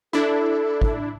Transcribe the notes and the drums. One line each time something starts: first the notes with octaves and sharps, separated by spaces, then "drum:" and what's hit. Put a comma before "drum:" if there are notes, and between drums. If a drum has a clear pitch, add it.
D4 E4 A4
drum: kick